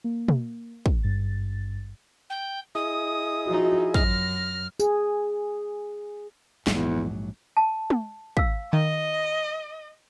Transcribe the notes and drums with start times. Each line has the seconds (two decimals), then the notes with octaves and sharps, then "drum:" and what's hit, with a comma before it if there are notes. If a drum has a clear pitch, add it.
0.04 A#3
0.28 drum: tom
0.86 drum: kick
1.03 G#1 G2 A6
2.30 G5
2.75 E4 G#4 D#5 D#6
3.47 F3 D#4 F#4
3.94 F#2 F6 A#6, drum: kick
4.80 G#4, drum: tambourine
6.67 A#1 E2 G#2 F#3, drum: snare
7.57 A5
7.90 drum: tom
8.37 F5 E6, drum: kick
8.73 D#3 D#5